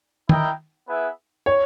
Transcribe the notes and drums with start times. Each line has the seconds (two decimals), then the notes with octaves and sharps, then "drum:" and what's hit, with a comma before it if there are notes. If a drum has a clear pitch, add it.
0.29 E4 A#4 D#5 G5, drum: tom
0.88 B3 E4 G#4 B4 E5
1.46 C#5